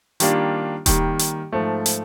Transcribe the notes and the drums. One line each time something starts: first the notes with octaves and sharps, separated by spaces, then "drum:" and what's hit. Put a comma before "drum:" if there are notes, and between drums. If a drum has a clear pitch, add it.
D#3 G3 A#3 D4 F4, drum: hi-hat
D#3 G3 A#3, drum: kick D#1, hi-hat
drum: hi-hat
G#2 F3 A3
drum: hi-hat